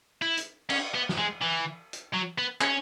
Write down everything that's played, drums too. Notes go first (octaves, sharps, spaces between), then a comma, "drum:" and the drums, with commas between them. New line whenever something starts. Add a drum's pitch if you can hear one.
E4
drum: hi-hat
C#4, drum: cymbal
B3
drum: snare
G#3
E3
drum: hi-hat
F#3
B3
C#4, drum: clap